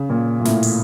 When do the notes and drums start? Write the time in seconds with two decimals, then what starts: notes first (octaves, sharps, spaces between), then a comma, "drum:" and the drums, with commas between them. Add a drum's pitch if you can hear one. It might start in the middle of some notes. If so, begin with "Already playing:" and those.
Already playing: C#3
0.10 A#2
0.40 A#2
0.45 A2, drum: snare
0.63 drum: open hi-hat